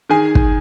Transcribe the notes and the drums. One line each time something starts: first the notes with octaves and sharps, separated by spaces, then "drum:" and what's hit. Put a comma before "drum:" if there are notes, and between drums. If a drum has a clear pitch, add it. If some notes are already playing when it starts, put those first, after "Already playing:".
D#3 G#4 G#5
drum: kick